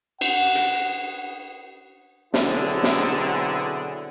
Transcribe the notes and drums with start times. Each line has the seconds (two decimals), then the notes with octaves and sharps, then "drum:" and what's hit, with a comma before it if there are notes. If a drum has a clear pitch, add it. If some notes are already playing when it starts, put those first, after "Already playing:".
0.21 F#5, drum: cymbal
0.55 drum: hi-hat
2.34 B2 D3 F#3 C4 E4 G#4, drum: snare
2.83 drum: snare